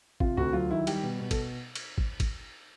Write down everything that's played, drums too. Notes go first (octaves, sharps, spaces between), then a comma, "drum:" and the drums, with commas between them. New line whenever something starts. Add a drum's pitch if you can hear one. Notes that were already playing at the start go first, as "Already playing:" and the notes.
C3 F4, drum: kick
D2 F#4
F#3 F4
D#3 E4
G3 G4, drum: cymbal
B2
B2
A4, drum: kick, cymbal
drum: cymbal
drum: kick
drum: kick, cymbal